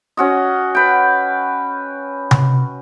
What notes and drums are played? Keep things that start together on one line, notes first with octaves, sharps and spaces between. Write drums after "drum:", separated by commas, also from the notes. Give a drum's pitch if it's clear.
C#4 F#4 D#5
B4 G5
drum: tom C3